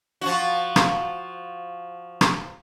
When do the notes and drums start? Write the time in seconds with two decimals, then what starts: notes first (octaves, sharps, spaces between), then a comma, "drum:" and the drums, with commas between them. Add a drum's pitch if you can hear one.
0.21 F3 F#4
0.76 drum: rim click
2.21 drum: rim click